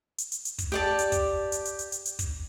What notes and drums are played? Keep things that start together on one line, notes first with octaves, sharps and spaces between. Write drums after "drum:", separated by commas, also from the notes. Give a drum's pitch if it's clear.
drum: hi-hat
drum: hi-hat
drum: hi-hat
drum: kick, hi-hat
G4 D5 A5
drum: hi-hat
drum: kick, hi-hat
drum: hi-hat
drum: hi-hat
drum: hi-hat
drum: hi-hat
drum: hi-hat
drum: kick, hi-hat